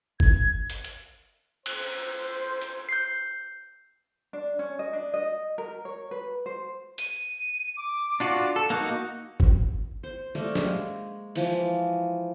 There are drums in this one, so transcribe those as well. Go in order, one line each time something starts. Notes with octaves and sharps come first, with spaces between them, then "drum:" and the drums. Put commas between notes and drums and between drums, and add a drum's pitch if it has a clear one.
G#6, drum: kick G1
drum: hi-hat
drum: hi-hat
C5, drum: cymbal
drum: hi-hat
G6 C7
D4
C#4
D#5
D4
D#5
A#4
C#5
B4
C5
D#7, drum: hi-hat
D6
D4 F4 F#4
A4
A#3 D#4 F#4 F#6
drum: kick G1
C5
G3 A3 A#3 A4
G#3, drum: snare
E3 F3, drum: open hi-hat